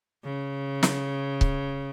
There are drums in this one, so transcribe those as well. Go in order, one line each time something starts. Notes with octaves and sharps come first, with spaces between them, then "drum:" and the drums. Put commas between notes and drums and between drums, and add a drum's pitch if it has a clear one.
C#3
drum: snare
drum: kick C#1